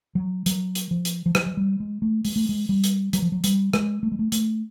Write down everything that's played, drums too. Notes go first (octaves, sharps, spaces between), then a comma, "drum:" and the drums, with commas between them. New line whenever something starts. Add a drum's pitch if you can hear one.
F#3
F#3, drum: hi-hat
drum: hi-hat
F3
drum: hi-hat
F3
F#3, drum: rim click
F#3
G3
G#3
A3
G#3, drum: open hi-hat
A3
G#3
G3
drum: hi-hat
F#3, drum: hi-hat
F3
F#3
G3, drum: hi-hat
G#3, drum: rim click
A3
G#3
A3
A3, drum: hi-hat